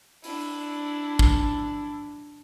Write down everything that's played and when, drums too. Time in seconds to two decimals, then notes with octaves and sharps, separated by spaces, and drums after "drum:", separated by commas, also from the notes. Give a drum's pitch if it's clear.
0.24 D4 E4, drum: open hi-hat
1.19 drum: kick